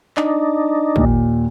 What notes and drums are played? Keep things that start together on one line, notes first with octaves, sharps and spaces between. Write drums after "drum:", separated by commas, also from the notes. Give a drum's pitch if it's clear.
D4 D#4, drum: clap
D#2 A#2, drum: kick